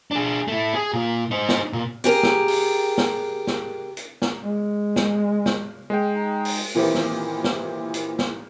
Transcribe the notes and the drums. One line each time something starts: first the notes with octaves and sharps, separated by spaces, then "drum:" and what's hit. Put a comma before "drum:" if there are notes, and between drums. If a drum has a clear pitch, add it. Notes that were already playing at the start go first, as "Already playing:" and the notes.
D4 G#4
A3 E4
G#4 G#5
A#2 F4
D#4 C5
drum: snare
A#2
G4 G#4 A#4
drum: snare
drum: open hi-hat
drum: snare
drum: snare
drum: hi-hat
drum: snare
G#3
drum: snare
drum: snare
G#3 G5
D#4
drum: open hi-hat
A#2 D#3 E3 C4 E4 G4
drum: snare
drum: snare
drum: hi-hat
drum: snare